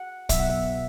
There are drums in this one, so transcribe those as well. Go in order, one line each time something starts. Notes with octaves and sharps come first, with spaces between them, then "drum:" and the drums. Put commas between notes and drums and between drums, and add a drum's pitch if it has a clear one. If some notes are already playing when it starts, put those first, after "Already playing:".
Already playing: F#5
B2 F#3 E5, drum: kick, hi-hat
F#5
E5